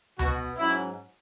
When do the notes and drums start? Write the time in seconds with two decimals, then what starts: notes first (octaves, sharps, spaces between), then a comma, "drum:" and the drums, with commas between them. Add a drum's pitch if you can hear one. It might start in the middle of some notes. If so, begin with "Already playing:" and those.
0.19 B2 B3 F#4, drum: tom C#2
0.58 G#2 F#3 C#4 E4